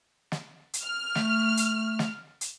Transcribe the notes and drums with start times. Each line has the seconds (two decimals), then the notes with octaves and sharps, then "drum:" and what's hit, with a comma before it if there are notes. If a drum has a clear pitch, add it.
0.32 drum: snare
0.74 drum: hi-hat
0.83 F6
1.15 A3, drum: snare
1.57 drum: hi-hat
1.99 drum: snare
2.41 drum: hi-hat